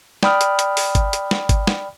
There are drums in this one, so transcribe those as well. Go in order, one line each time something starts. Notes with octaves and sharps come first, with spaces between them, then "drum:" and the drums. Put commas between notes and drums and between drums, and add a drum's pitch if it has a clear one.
D5 G5 B5 D#6 F6, drum: snare
drum: hi-hat
drum: hi-hat
drum: open hi-hat
drum: kick G#1, hi-hat
drum: hi-hat
drum: snare
drum: kick G#1, hi-hat
drum: snare